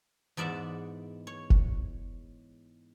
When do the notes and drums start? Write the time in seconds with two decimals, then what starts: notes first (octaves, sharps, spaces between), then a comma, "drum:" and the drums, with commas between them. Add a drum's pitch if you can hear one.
0.37 E2 G#2 D5 E5 F#5
1.27 C#5
1.50 drum: kick F1